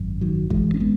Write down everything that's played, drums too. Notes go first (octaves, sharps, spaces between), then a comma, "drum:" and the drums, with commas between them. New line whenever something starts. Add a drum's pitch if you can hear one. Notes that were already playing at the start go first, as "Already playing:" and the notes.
Already playing: G#1 F#2
D#3 F#3
E3 G#3, drum: kick
C#4
G#3 B3